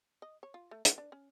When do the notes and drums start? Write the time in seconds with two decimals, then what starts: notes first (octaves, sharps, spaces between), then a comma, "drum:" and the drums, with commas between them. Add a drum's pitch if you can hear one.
0.22 D#5
0.43 C#5
0.54 F4
0.71 A3
0.85 F#5, drum: hi-hat
0.98 D4
1.12 C#4